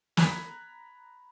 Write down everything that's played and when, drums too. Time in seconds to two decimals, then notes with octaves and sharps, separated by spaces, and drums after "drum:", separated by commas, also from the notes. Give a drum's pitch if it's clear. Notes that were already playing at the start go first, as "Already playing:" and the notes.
0.17 A#5 B5 F#6 G#6 B6, drum: snare